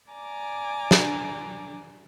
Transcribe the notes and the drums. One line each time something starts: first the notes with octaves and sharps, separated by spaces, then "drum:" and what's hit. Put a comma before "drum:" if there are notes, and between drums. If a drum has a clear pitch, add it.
D5 G#5 A#5 D6
drum: snare